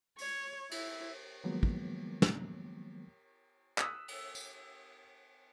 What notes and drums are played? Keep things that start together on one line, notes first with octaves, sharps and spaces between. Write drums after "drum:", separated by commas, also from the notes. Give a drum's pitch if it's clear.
C#5, drum: open hi-hat
E4, drum: cymbal
D#3 F3 F#3 G#3 A#3 B3
drum: kick
drum: snare
D#6 E6 F#6 B6, drum: clap
drum: cymbal
drum: tambourine